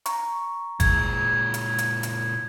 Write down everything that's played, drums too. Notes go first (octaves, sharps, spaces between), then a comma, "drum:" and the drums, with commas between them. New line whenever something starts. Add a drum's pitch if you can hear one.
A#5 C#6, drum: hi-hat
A#2 G#3 G#6, drum: kick, hi-hat
drum: hi-hat
drum: hi-hat
drum: hi-hat